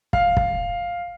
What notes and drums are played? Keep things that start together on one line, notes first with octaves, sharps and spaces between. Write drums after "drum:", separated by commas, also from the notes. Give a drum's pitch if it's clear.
F5, drum: kick
drum: kick